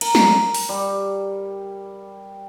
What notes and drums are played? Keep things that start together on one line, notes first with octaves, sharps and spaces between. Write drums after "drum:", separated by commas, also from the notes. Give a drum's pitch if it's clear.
A#4, drum: cymbal
drum: snare
drum: open hi-hat
G3